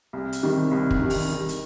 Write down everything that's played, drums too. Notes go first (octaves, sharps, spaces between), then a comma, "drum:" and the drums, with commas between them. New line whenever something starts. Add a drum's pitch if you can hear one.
C2
drum: hi-hat
C3 D#3 G3
C2
drum: kick
C3 D#3 G3
drum: open hi-hat
D#3
drum: hi-hat